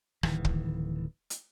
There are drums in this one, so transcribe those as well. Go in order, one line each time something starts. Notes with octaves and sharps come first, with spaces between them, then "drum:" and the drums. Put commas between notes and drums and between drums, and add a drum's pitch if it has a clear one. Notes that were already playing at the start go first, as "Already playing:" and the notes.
D1 D#3 E3, drum: rim click
drum: kick
drum: hi-hat